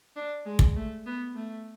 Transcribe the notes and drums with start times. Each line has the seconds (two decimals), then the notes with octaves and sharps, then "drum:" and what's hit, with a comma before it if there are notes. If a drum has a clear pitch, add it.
0.16 D4
0.46 G#3
0.59 drum: kick
0.76 A3
1.06 B3
1.35 A3